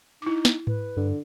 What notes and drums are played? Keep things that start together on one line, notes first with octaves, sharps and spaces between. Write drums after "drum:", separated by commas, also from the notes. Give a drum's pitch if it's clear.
D#4 E4 D6
drum: snare
B4, drum: tom G#2
G2 D3